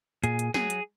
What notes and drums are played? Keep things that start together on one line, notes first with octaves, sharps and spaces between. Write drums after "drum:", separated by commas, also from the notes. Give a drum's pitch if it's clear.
A#2 G#4, drum: hi-hat
drum: hi-hat
F#3 G#4, drum: snare
drum: hi-hat